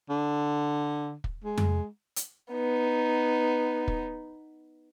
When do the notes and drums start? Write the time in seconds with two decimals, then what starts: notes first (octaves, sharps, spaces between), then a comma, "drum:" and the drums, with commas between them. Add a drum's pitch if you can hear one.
0.10 D3
1.24 drum: kick
1.44 G#3
1.58 drum: tom F2
2.16 drum: hi-hat
2.51 B3 D#4
3.88 drum: kick